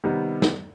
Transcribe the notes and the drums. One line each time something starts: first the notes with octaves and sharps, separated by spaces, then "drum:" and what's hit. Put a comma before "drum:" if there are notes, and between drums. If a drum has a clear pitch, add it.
C3 D#3 G3 B3
drum: snare